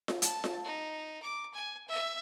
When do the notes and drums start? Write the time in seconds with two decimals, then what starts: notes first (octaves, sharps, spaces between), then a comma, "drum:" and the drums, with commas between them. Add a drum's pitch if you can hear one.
0.08 drum: snare F4
0.22 A5, drum: hi-hat
0.44 drum: snare F4
0.64 D#4
1.22 D6
1.54 G#5
1.88 E5